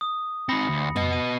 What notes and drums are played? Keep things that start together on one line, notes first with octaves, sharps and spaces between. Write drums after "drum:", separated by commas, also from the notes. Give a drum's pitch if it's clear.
D#6
C4 D#4 B5 A#6 C#7
D2
B3 D#5, drum: tom F2
D#7